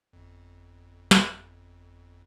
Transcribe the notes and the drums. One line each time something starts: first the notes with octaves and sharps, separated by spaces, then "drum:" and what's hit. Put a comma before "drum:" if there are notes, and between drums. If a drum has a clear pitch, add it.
G1 F2
drum: snare